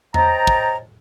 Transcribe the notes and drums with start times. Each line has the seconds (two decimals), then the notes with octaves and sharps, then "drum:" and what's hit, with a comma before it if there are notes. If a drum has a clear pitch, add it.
0.14 C5 C#5 D#5 G5 A5 A#5, drum: tom E2
0.47 drum: kick